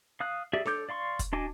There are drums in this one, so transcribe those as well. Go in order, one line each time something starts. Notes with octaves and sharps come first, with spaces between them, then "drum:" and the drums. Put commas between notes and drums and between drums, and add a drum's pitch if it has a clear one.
F5 D#6 F#6
G4 G#4 D5 E5
A4 C#5 D6 G6, drum: snare D4
D5 F5 C6 C#6
drum: kick, hi-hat
D4 F#4 D#5 G#5 D6